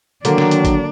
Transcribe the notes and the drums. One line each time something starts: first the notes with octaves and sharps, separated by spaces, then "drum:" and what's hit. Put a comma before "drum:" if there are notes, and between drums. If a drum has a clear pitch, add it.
D3 D#3 F#3 A#3 D4, drum: hi-hat
drum: snare
drum: hi-hat
drum: kick, hi-hat